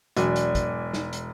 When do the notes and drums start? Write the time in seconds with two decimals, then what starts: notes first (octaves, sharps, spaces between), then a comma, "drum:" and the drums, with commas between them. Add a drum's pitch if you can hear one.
0.17 E1 F#3 G#4 D5 G#5, drum: hi-hat
0.36 drum: hi-hat
0.55 drum: kick, hi-hat
0.94 drum: snare D#4
1.13 drum: hi-hat